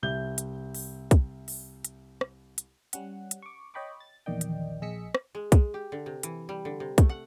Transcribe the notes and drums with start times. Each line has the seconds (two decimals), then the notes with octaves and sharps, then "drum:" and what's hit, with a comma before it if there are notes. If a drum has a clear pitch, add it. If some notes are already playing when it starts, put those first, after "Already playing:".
0.02 C2 E5 G6 G7
0.38 drum: hi-hat
0.75 drum: open hi-hat
1.11 drum: kick, hi-hat
1.48 drum: open hi-hat
1.85 drum: hi-hat
2.21 drum: rim click
2.58 drum: hi-hat
2.93 G3 C#4 F#5, drum: hi-hat
3.31 drum: hi-hat
3.42 C#6 D6
3.74 C#5 D#5 G5 B5 C#6 D6
4.00 A6
4.26 A#1 E2 D#3 D5 D#5 G5
4.41 drum: hi-hat
4.82 A#1 G#4 D#5 E6 B6 C#7
5.15 drum: rim click
5.35 G#3
5.52 G#3, drum: kick, hi-hat
5.74 G4
5.92 D3
6.06 C3
6.23 E3, drum: hi-hat
6.49 G3
6.65 D3
6.80 C3
6.98 A3, drum: kick, hi-hat
7.09 F#5